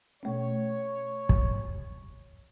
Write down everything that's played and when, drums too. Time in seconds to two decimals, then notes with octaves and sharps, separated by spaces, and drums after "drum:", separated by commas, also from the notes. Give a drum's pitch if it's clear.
0.23 B2 A3 C#4 C#5
1.29 drum: kick